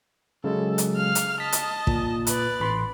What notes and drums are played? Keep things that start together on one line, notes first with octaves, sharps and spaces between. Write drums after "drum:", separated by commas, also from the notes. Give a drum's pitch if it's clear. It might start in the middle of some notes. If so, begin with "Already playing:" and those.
C#3 F#3 G#3 A4
drum: hi-hat
F5 F6
drum: hi-hat
D#5 A5 B6
drum: hi-hat
A#2, drum: kick
B4 D5, drum: hi-hat
A1 B5 C6